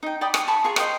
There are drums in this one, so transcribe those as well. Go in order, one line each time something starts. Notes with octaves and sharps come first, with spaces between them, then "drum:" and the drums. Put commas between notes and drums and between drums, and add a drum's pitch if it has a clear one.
D#4 G5
D5 G5 B5 D#6
G#5 D#6, drum: rim click
A5 B5 C#6
F4 G#4 A#5 C#6
C5 D#5 G5 C#6, drum: rim click